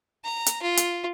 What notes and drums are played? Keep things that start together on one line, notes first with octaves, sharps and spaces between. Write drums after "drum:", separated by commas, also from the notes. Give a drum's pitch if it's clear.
A#5
drum: hi-hat
F4
drum: hi-hat